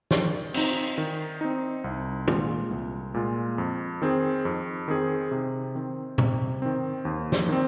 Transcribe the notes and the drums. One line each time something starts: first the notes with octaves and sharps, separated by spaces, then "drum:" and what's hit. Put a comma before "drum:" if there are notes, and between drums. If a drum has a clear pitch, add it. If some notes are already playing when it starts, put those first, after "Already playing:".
D#3, drum: snare
C4 D#4, drum: cymbal
D#3
C4 D#4
C2
A#2 G#3 F4, drum: tom
C2
A#2 G#3 F4
F2
D#3 C4 G#4
F2
D#3 C4 G#4
C3
D#3 C4
C3, drum: tom A#2
D#3 C4
D#2
drum: snare
D#3 C4